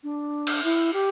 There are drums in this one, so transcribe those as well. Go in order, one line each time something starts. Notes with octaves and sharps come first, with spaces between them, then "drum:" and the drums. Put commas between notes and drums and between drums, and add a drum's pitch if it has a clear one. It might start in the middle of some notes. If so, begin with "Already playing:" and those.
D4
drum: cymbal
E4
G4